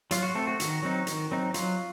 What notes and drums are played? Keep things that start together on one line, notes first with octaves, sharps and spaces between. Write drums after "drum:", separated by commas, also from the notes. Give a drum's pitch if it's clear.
F#3 F4, drum: hi-hat
F#4
A3 C4 A4
F#4
D#3, drum: hi-hat
F#3 C4 D#4
D#3, drum: hi-hat
F#3 C4 D#4
F#3 F4, drum: hi-hat